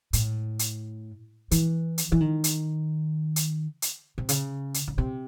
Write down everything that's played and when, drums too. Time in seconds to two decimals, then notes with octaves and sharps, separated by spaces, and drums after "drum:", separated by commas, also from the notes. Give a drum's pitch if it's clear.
0.13 A2, drum: hi-hat
0.59 drum: hi-hat
1.51 E3, drum: hi-hat
1.98 drum: hi-hat
2.12 E3
2.20 D#3
2.44 drum: hi-hat
3.36 drum: hi-hat
3.82 drum: hi-hat
4.18 C3
4.29 C#3, drum: hi-hat
4.74 drum: hi-hat
4.88 C#3
4.98 C3